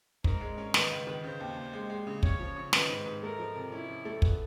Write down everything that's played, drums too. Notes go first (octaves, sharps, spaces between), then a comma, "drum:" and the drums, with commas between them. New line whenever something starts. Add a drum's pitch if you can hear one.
G#2 A#4, drum: kick
G#3
C#4
D#3 B4, drum: snare
C#2
D#3
C#3 C5
D#2
D#2
G#3
G#3
C#3
C#4 C#5, drum: kick
F3
C#3
D#3 B4, drum: snare
G#2
G#2
A3 A#4
F3
C3
C#4 E4
F3
A3
B3, drum: kick